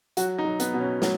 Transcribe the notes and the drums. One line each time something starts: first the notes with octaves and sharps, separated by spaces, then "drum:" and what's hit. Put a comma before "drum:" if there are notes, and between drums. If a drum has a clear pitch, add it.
F#3 F#4, drum: hi-hat
D#4
F#3
B3, drum: hi-hat
B2
C#4
F#3, drum: snare